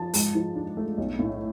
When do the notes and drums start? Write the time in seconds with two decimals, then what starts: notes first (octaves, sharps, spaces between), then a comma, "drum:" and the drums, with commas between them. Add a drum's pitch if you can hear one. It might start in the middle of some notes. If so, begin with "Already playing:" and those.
Already playing: F3 A5
0.14 G#2, drum: open hi-hat
0.35 F3
0.56 D4
0.77 A3
0.98 B1
1.19 A2